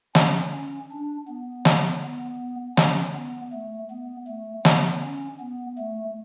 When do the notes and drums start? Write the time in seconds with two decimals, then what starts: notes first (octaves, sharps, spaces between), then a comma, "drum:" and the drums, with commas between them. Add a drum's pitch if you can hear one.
0.15 C#4, drum: snare
0.53 C#4
0.91 D4
1.28 B3
1.65 drum: snare
2.03 B3
2.77 C#4, drum: snare
3.15 B3
3.52 A3
3.90 B3
4.27 A3
4.65 B3, drum: snare
5.02 C#4
5.40 B3
5.78 A3